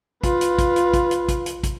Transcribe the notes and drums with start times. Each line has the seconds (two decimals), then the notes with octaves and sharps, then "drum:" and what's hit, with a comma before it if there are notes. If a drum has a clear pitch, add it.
0.23 F4 B4, drum: kick, hi-hat
0.41 drum: hi-hat
0.58 drum: kick, hi-hat
0.76 drum: hi-hat
0.93 drum: kick, hi-hat
1.11 drum: hi-hat
1.28 drum: kick, hi-hat
1.46 drum: hi-hat
1.64 drum: kick, hi-hat